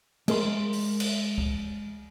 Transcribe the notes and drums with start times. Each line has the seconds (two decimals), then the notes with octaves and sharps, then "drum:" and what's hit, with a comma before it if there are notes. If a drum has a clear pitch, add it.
0.28 G#3 A#4 C6, drum: cymbal
0.73 drum: open hi-hat
1.00 drum: cymbal
1.38 drum: kick C#2